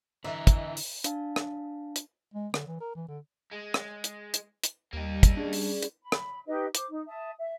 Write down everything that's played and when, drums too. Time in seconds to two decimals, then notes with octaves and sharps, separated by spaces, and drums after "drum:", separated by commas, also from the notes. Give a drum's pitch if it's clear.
0.24 D3 E3 E4 D#5 E5 A#5
0.47 drum: kick, hi-hat
0.77 drum: open hi-hat
1.04 D4 F5 A5, drum: hi-hat
1.36 drum: rim click
1.96 drum: hi-hat
2.34 G#3
2.54 D3, drum: rim click
2.67 E3
2.81 A#4
2.96 E3
3.08 D3
3.52 G#3
3.74 drum: rim click
4.04 drum: hi-hat
4.34 drum: hi-hat
4.64 drum: hi-hat
4.93 D#2 G3 A#3 D#4
5.23 drum: kick, hi-hat
5.37 C#4 D4 G#4 D5
5.53 drum: open hi-hat
5.83 drum: hi-hat
6.03 B5
6.12 drum: rim click
6.47 D#4 G4 B4 D#5
6.75 C5 D6, drum: hi-hat
6.89 D#4
7.06 E5 A5 D#6
7.38 E5